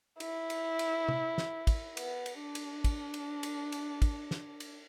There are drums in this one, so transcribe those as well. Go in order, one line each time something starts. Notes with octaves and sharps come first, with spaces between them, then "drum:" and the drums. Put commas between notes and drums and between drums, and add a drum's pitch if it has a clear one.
E4, drum: cymbal
drum: cymbal
drum: cymbal
drum: tom C3
drum: snare
drum: kick, cymbal
B3, drum: cymbal
drum: cymbal
D4
drum: cymbal
drum: kick, cymbal
drum: cymbal
drum: cymbal
drum: cymbal
drum: kick, cymbal
drum: snare
drum: cymbal